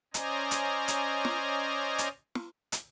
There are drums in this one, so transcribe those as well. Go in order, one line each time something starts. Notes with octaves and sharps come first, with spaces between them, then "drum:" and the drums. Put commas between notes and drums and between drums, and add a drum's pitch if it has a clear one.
C#4 C5 D5 D#5 G#5 A#5, drum: hi-hat
drum: hi-hat
drum: hi-hat
drum: snare
drum: hi-hat
drum: snare
drum: hi-hat